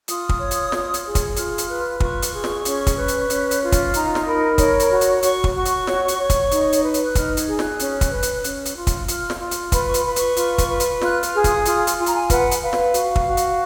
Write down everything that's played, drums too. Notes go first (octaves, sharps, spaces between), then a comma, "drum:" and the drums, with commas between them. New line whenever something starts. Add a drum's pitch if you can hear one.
F4 D#6, drum: hi-hat
drum: kick
C#5
drum: hi-hat
F4, drum: snare
drum: hi-hat
G#4
drum: kick, hi-hat
D#6
F4 F6, drum: hi-hat
drum: hi-hat
B4
F4 C#6, drum: kick
drum: hi-hat
G#4
drum: snare
C#4, drum: hi-hat
drum: kick, hi-hat
B4
drum: hi-hat
C#4, drum: hi-hat
drum: hi-hat
F4
drum: kick, hi-hat
D#4 A#5, drum: hi-hat
drum: snare
A#4 B5
C#5, drum: kick, hi-hat
drum: hi-hat
F#4
drum: hi-hat
F#4 C#6, drum: hi-hat
drum: kick
F#4 C#6
drum: hi-hat
C#5, drum: snare
drum: hi-hat
C#5
drum: kick, hi-hat
D#4, drum: hi-hat
drum: hi-hat
B4
drum: hi-hat
F#6
D#4 F6, drum: kick, hi-hat
G#6, drum: hi-hat
G#4
F#6, drum: snare
C#4, drum: hi-hat
drum: kick, hi-hat
B4
drum: hi-hat
C#4, drum: hi-hat
drum: hi-hat
F4
drum: kick, hi-hat
F4 F6, drum: hi-hat
drum: snare
F4
drum: hi-hat
B4 B5, drum: kick, hi-hat
C#6
B5, drum: hi-hat
B4
C#6, drum: hi-hat
F4, drum: hi-hat
drum: kick, hi-hat
B4
drum: hi-hat
F4 F#6, drum: snare
F6, drum: hi-hat
G#4
D#6, drum: kick, hi-hat
F4 D#6, drum: hi-hat
drum: hi-hat
F4 G#5
A#5, drum: hi-hat
G#5
B4 F#5, drum: kick, hi-hat
drum: hi-hat
B4 F5
drum: snare
F#4, drum: hi-hat
drum: kick
F#4
drum: hi-hat